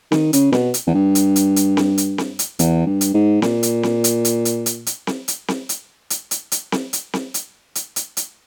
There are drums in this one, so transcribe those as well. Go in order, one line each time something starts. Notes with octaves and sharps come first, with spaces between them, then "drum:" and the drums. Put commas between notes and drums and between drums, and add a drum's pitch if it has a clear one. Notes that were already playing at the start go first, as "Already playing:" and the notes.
D#3, drum: snare C4
C#3, drum: hi-hat
B2, drum: snare C4
drum: hi-hat
E2
G2
drum: hi-hat
drum: hi-hat
drum: hi-hat
drum: snare C4
drum: hi-hat
drum: snare C4
drum: hi-hat
E2, drum: hi-hat
G2
drum: hi-hat
G#2
A#2, drum: snare C4
drum: hi-hat
drum: snare C4
drum: hi-hat
drum: hi-hat
drum: hi-hat
drum: hi-hat
drum: hi-hat
drum: snare C4
drum: hi-hat
drum: snare C4
drum: hi-hat
drum: hi-hat
drum: hi-hat
drum: hi-hat
drum: snare C4
drum: hi-hat
drum: snare C4
drum: hi-hat
drum: hi-hat
drum: hi-hat
drum: hi-hat